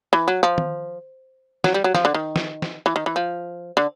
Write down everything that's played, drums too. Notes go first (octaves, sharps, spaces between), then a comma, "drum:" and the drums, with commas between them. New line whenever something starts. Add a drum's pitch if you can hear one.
E3
F#3
F3
drum: tom D#3
F#3, drum: snare
G3
F#3
F3, drum: snare
D3
D#3
drum: snare
drum: snare
E3
D#3
E3
F3
D3